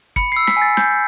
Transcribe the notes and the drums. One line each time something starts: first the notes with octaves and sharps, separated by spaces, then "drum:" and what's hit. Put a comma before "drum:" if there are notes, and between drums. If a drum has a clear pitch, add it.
B5 C#7, drum: kick
C7
E6
B6, drum: snare
G#5
A6
G6, drum: snare